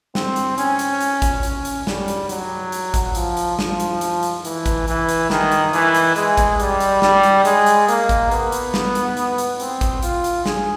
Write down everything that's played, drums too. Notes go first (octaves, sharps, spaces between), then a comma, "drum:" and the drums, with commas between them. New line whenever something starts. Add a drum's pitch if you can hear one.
C4, drum: snare
drum: hi-hat
C#4, drum: hi-hat
drum: hi-hat
drum: hi-hat
drum: kick A1, hi-hat
C#4, drum: hi-hat
drum: hi-hat
G3, drum: snare
drum: hi-hat
F#3, drum: hi-hat
drum: hi-hat
drum: kick A1, hi-hat
F3, drum: hi-hat
drum: hi-hat
F3, drum: snare
drum: hi-hat
drum: hi-hat
drum: hi-hat
E3, drum: hi-hat
drum: kick A1, hi-hat
E3, drum: hi-hat
drum: hi-hat
D#3, drum: snare
drum: hi-hat
E3, drum: hi-hat
drum: hi-hat
G#3, drum: hi-hat
drum: kick A1, hi-hat
G3, drum: hi-hat
drum: hi-hat
G3, drum: snare
drum: hi-hat
G#3, drum: hi-hat
drum: hi-hat
A#3, drum: hi-hat
drum: kick A1, hi-hat
B3, drum: hi-hat
drum: hi-hat
drum: snare
drum: hi-hat
drum: hi-hat
drum: hi-hat
C4, drum: hi-hat
drum: kick A1, hi-hat
F4, drum: hi-hat
drum: hi-hat
G#4, drum: snare